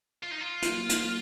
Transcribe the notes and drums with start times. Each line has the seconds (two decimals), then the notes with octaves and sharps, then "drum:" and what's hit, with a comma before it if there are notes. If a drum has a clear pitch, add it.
0.23 F4
0.32 D#4
0.41 F4
0.62 F#3 A#3, drum: hi-hat
0.89 drum: hi-hat